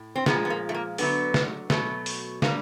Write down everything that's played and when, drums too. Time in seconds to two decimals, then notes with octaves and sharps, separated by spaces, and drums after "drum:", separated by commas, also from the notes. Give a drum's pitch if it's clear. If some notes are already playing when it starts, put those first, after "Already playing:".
Already playing: A2
0.15 C4
0.26 A#2 F3 G#3 B3, drum: snare
0.45 B3
0.50 A#3
0.69 A3
0.74 A#3
0.98 D3 F#3 A3 B3, drum: open hi-hat
1.34 drum: snare
1.70 B2 F#3 A3, drum: snare
2.06 drum: open hi-hat
2.42 D3 G3 A#3, drum: snare